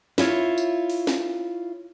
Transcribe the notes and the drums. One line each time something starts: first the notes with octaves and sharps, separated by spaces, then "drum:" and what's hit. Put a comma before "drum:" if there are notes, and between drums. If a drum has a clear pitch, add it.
E4 F4 C#5, drum: snare
drum: tambourine
drum: open hi-hat
drum: snare